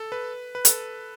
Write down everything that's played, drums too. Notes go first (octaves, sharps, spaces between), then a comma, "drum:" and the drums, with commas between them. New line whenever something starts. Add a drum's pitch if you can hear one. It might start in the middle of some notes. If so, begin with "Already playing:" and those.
Already playing: A4
B4
B4
A4, drum: hi-hat